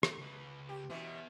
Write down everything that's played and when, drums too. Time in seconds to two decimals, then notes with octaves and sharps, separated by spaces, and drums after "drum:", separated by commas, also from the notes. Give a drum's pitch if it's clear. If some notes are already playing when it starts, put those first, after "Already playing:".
0.03 E4 A4, drum: rim click
0.18 C#2 B4
0.69 G4
0.90 F#2 B2 E3 B3 E5